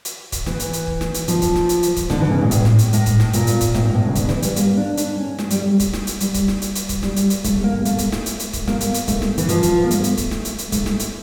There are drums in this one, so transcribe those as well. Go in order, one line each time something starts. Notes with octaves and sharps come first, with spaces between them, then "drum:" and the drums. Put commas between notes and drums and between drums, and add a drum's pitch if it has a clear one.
drum: hi-hat
drum: kick C#1, hi-hat
E3, drum: snare
drum: hi-hat
drum: hi-hat
drum: kick C#1
drum: snare
drum: hi-hat
F3, drum: hi-hat
drum: kick C#1, hi-hat
drum: snare
drum: hi-hat
drum: hi-hat
drum: kick C#1, hi-hat
D3, drum: snare
E3
C#3
A#2
A2, drum: kick C#1, hi-hat
drum: snare
drum: hi-hat
A2, drum: hi-hat
drum: kick C#1, hi-hat
drum: snare
A#2, drum: hi-hat
drum: hi-hat
drum: kick C#1, hi-hat
A2, drum: snare
A#2
A2
C#3
D3, drum: kick C#1, hi-hat
E3, drum: snare
G3, drum: hi-hat
A#3, drum: hi-hat
D4
D4, drum: hi-hat
C#4
A3, drum: snare
G3, drum: hi-hat
A3
drum: kick C#1, hi-hat
drum: snare
drum: hi-hat
G3, drum: hi-hat
drum: kick C#1, hi-hat
drum: snare
drum: hi-hat
drum: hi-hat
drum: kick C#1, hi-hat
G3, drum: snare
drum: hi-hat
drum: hi-hat
A3, drum: kick C#1, hi-hat
A#3
A3, drum: hi-hat
drum: kick C#1, hi-hat
drum: snare
drum: hi-hat
drum: hi-hat
drum: kick C#1, hi-hat
A#3, drum: snare
drum: hi-hat
drum: hi-hat
A3, drum: kick C#1, hi-hat
drum: snare
E3, drum: hi-hat
F3, drum: hi-hat
drum: kick C#1, hi-hat
A#3
A3, drum: hi-hat
drum: hi-hat
drum: kick C#1, hi-hat
drum: snare
drum: hi-hat
drum: hi-hat
A3, drum: kick C#1, hi-hat
drum: snare
drum: hi-hat